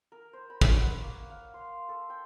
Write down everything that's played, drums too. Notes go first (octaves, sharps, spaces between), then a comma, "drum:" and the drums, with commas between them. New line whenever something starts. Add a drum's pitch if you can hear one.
A#4
C5
B5
C#5, drum: kick
F#5
A#3
F5
C6
A4
G5